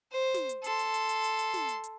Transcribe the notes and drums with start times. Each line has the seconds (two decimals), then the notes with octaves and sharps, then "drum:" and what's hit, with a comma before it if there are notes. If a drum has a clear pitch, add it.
0.12 C5
0.34 drum: snare
0.49 drum: hi-hat
0.64 A4 C6, drum: hi-hat
0.79 drum: hi-hat
0.94 drum: hi-hat
1.09 drum: hi-hat
1.24 drum: hi-hat
1.39 drum: hi-hat
1.54 drum: snare
1.69 drum: hi-hat
1.84 drum: hi-hat